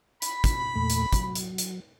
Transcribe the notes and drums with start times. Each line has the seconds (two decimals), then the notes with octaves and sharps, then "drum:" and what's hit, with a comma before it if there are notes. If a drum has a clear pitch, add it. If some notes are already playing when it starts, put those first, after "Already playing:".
0.22 B5, drum: hi-hat
0.44 drum: kick, hi-hat
0.76 E2 A#2 A3
0.90 drum: hi-hat
1.13 F#3, drum: kick, hi-hat
1.35 drum: hi-hat
1.58 drum: hi-hat